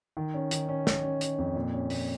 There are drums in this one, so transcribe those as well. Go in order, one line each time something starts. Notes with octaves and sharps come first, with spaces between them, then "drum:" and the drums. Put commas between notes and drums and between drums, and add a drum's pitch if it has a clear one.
D#3
C#4
D#3, drum: hi-hat
C#4
C#4, drum: snare
C#4
C#4, drum: hi-hat
F2
A#2
C#4
A#2, drum: open hi-hat